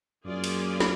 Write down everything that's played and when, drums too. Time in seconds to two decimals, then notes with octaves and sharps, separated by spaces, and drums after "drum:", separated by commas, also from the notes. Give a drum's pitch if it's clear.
0.25 F#2 A#3 F4 G#4 D5
0.44 drum: cymbal
0.80 drum: snare